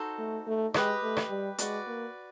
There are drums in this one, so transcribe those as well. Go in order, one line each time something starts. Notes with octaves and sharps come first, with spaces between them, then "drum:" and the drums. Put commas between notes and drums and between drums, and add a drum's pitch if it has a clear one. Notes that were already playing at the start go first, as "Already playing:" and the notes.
Already playing: D#4 F#4 A4 C5
A3
A3
G#3 G4 B4 D#5, drum: rim click
A3
drum: rim click
G3
G#3 F#4 B4 D5, drum: hi-hat
A#3